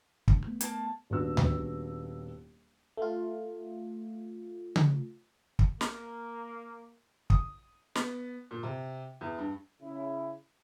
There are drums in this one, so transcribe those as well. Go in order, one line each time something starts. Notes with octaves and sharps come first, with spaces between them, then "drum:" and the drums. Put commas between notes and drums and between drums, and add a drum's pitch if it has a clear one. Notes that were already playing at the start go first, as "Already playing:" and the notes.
D2 G2 B2, drum: kick
A3 B3
A#3 A5, drum: hi-hat
D#1 D#2 B3 D4 F#4 E6
drum: tom D2
A3 F4
drum: tom C#3
drum: kick
A#3, drum: snare
D#6, drum: kick
B3, drum: snare
A#2
C3
E2
G2
C#3 E4